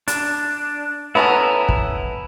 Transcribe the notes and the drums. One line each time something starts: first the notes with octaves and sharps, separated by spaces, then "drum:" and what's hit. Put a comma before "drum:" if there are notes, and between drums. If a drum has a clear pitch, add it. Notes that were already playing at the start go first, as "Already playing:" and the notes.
D4, drum: hi-hat
B3 C#4 E4 A4 B4 A#5
drum: kick